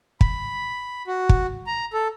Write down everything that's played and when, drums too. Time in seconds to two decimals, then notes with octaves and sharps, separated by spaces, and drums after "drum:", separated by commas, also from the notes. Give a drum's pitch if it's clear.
0.21 B5, drum: kick
1.07 F#4
1.29 drum: kick
1.67 A#5
1.93 A4